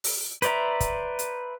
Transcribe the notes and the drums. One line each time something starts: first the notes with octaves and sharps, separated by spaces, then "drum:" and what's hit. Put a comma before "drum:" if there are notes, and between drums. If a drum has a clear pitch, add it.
drum: open hi-hat
B4 C5 D5 E5 A#5, drum: hi-hat
drum: kick, hi-hat
drum: hi-hat